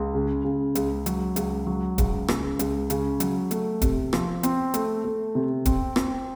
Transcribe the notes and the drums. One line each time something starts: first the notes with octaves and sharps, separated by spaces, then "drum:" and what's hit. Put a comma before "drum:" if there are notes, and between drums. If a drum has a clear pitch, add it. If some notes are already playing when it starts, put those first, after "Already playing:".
Already playing: C#2
C#3
C#3
C#2, drum: hi-hat
F#3, drum: hi-hat
C#2, drum: hi-hat
F#3
C#2, drum: kick, hi-hat
C#3, drum: rim click
C#2, drum: hi-hat
C#3, drum: hi-hat
F#3, drum: hi-hat
A3, drum: hi-hat
C3, drum: kick, hi-hat
F3, drum: rim click
C4, drum: hi-hat
A3, drum: hi-hat
A3
C3
C4, drum: kick, hi-hat
C4, drum: rim click